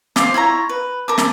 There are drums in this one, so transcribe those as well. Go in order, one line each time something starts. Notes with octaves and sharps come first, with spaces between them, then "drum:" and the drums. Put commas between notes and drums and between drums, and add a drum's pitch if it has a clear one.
C5 F5 D6, drum: snare
E4 F4 C#5 A#5
B4
A#4 A5 D6
drum: snare